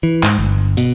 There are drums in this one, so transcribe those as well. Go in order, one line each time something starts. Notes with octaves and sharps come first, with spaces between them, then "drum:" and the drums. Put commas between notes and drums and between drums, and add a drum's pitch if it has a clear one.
E3
G#2, drum: clap
G1
B2, drum: hi-hat